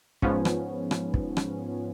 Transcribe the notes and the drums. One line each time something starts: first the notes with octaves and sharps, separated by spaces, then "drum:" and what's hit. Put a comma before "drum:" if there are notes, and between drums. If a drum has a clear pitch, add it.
G#2 F3 B3 C#4, drum: kick
drum: rim click
drum: rim click
drum: kick
drum: rim click